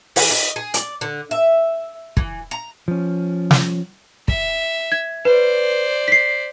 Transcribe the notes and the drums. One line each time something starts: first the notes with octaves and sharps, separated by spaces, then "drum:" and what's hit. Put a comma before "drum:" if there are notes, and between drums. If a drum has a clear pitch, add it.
E3, drum: open hi-hat
D#5
G#4
D5, drum: hi-hat
D3
E5
E3, drum: kick
A#5
F3 C#4
drum: snare
E5, drum: kick
G#6
B4 C5 D5
B6 C7